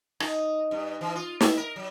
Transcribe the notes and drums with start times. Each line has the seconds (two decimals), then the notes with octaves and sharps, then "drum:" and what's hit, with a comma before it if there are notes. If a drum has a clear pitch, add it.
0.20 D#4, drum: rim click
0.71 G2
1.01 E3
1.15 F4
1.41 E5, drum: snare
1.57 A#4
1.76 F#3